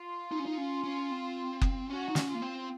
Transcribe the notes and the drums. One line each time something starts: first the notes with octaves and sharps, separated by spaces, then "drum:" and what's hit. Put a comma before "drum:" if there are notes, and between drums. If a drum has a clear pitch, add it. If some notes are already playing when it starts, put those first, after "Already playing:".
Already playing: F4
D#4
C#4
D#4
C#4
C#4
C4
drum: kick F#1
C#4 F#4
D#4
C#4, drum: snare
F4
A#3
C4